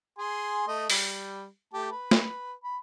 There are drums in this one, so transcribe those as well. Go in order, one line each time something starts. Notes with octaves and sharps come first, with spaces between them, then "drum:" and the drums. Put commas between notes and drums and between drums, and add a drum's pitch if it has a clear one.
G#4 G#5 C6
A3 D#5
G3, drum: open hi-hat
A3 G4 A5
B4
drum: snare
B5